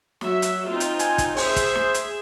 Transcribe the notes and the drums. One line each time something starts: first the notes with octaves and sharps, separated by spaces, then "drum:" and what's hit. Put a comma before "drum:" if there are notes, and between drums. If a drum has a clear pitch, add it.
F#3 E5, drum: snare
drum: hi-hat
C4 D#4 F4
drum: hi-hat
G#5, drum: hi-hat
drum: kick, hi-hat
G#4 C5 E5, drum: open hi-hat
drum: kick, hi-hat
drum: snare
drum: hi-hat